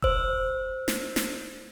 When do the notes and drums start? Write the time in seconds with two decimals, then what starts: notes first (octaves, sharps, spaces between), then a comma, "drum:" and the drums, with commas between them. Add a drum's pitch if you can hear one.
0.02 C5 E6, drum: kick E1
0.88 drum: snare
1.16 drum: snare